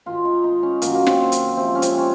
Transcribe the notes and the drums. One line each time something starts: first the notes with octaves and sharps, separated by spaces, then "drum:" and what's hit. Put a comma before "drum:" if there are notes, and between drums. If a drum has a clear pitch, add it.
G#2 D#3 G#3 F4
D#4
D#4
C#4
F#2 D#3 F#3 A#3, drum: hi-hat
A#3
C4, drum: snare
drum: hi-hat
C3 F3 G#3 C4
C#4
C4, drum: hi-hat
C#4